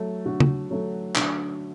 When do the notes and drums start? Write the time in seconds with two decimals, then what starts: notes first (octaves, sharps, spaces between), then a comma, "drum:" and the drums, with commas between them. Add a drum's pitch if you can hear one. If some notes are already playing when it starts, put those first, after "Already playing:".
Already playing: F#3 A3
0.26 D3 F#4
0.40 drum: tom
0.71 F#3 A3
1.16 D3, drum: clap